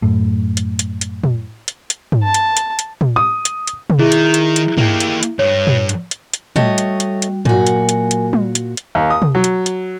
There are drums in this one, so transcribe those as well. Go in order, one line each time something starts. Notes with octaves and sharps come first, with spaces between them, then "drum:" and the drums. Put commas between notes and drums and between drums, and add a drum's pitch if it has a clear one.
F#2 A2
drum: hi-hat
drum: hi-hat
drum: hi-hat
drum: tom
drum: hi-hat
drum: hi-hat
drum: tom
A5
drum: hi-hat
drum: hi-hat
drum: hi-hat
drum: tom
D#6
drum: hi-hat
drum: hi-hat
drum: tom
D#3 E4 G#4
drum: hi-hat
drum: hi-hat
drum: hi-hat
A#3 G4, drum: tom
drum: hi-hat
drum: hi-hat
G2 C#5
drum: tom
drum: hi-hat
drum: hi-hat
drum: hi-hat
G3 A3 F#4 C#5 D#5 G5, drum: tom
drum: hi-hat
drum: hi-hat
drum: hi-hat
A#2 F#3 F#4 A#4 G#5, drum: tom
drum: hi-hat
drum: hi-hat
drum: hi-hat
drum: tom
drum: hi-hat
drum: hi-hat
D#2
D#6
drum: tom
F#3
drum: hi-hat
drum: hi-hat